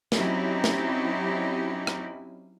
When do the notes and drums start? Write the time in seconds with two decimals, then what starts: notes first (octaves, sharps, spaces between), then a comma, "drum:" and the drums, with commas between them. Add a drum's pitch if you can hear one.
0.12 F#3 C4 C#4 D#4 E4 G4, drum: snare
0.64 drum: snare
1.87 drum: rim click